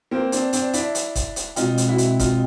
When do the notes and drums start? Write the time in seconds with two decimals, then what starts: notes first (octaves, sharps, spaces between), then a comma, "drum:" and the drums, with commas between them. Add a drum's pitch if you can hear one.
0.11 A#3 C4
0.32 C4 D4, drum: hi-hat
0.53 C4 D4, drum: hi-hat
0.73 D4 E4, drum: hi-hat
0.95 drum: hi-hat
1.15 drum: kick, hi-hat
1.36 drum: hi-hat
1.56 B2 G#3 C4 D#4 F4, drum: hi-hat
1.78 drum: hi-hat
1.88 E4 F#4
1.98 drum: hi-hat
2.19 D#4 F4, drum: kick, hi-hat